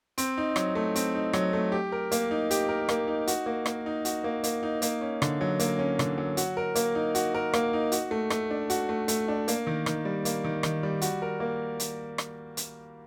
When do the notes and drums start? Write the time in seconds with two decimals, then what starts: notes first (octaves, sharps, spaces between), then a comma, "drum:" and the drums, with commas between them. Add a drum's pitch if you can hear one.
0.18 C4, drum: hi-hat
0.38 D#4
0.56 F#3, drum: rim click
0.75 A3
0.96 C4, drum: hi-hat
1.15 D#4
1.33 F#3, drum: rim click
1.53 A3
1.72 G4
1.92 A#4
2.12 A#3, drum: hi-hat
2.31 D#4
2.51 G4, drum: hi-hat
2.69 A#4
2.89 A#3, drum: rim click
3.07 D#4
3.27 F#4, drum: hi-hat
3.46 A#3
3.66 A#3, drum: rim click
3.86 D#4
4.05 F#4, drum: hi-hat
4.24 A#3
4.44 A#3, drum: hi-hat
4.63 D#4
4.82 A#3, drum: hi-hat
5.01 C#4
5.22 D3, drum: rim click
5.41 F#3
5.59 A#3, drum: hi-hat
5.79 C#4
5.99 D3, drum: rim click
6.18 F#3
6.37 F#4, drum: hi-hat
6.57 A#4
6.75 A#3, drum: hi-hat
6.95 D#4
7.15 F#4, drum: hi-hat
7.35 A#4
7.54 A#3, drum: rim click
7.73 D#4
7.92 F#4, drum: hi-hat
8.11 A3
8.30 A3, drum: rim click
8.51 D4
8.70 F#4, drum: hi-hat
8.89 A3
9.08 A3, drum: hi-hat
9.28 D4
9.48 A#3, drum: hi-hat
9.67 D#3
9.86 D#3, drum: rim click
10.05 G3
10.25 A#3, drum: hi-hat
10.44 D#3
10.63 D#3, drum: rim click
10.83 G3
11.02 F#4, drum: hi-hat
11.22 A#4
11.40 A#3
11.80 drum: hi-hat
12.18 drum: rim click
12.57 drum: hi-hat